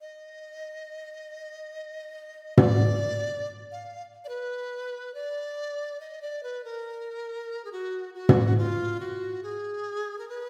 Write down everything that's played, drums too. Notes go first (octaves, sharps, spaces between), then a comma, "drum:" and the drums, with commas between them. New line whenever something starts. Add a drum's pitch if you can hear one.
D#5
D5, drum: tom
F5
D5
B4
D5
D#5
D5
B4
A#4
G#4
F#4
F#4
drum: tom
F4
F#4
G#4
A#4
B4